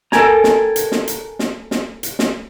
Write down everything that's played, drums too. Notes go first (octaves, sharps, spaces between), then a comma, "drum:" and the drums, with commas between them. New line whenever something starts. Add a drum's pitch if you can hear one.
A4 A#4 E5 G5 G#5 A#5, drum: snare
drum: snare
drum: hi-hat
drum: snare
drum: hi-hat
drum: snare
drum: snare
drum: hi-hat
drum: snare